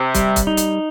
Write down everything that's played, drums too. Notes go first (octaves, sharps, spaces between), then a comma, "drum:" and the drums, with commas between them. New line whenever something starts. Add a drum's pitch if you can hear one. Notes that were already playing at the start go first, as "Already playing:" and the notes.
Already playing: C3
G3, drum: kick, hi-hat
drum: kick, hi-hat
D#4
drum: hi-hat